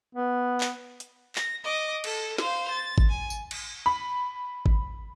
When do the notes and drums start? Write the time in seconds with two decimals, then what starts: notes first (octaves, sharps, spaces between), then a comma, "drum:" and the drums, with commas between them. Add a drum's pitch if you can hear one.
0.15 B3
0.61 drum: clap
1.00 drum: hi-hat
1.35 A#6, drum: clap
1.64 D#5 D6
2.04 A4, drum: cymbal
2.38 C5 F5, drum: snare
2.70 A6
2.98 drum: kick G#1
3.09 G#5
3.30 drum: tambourine
3.51 drum: cymbal
3.86 B5
4.66 drum: kick G#1